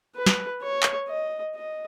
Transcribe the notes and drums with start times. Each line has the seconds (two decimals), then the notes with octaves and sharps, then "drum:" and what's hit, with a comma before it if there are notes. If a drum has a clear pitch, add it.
0.16 B4
0.26 drum: snare
0.62 C#5
0.83 drum: clap
1.09 D#5
1.55 D#5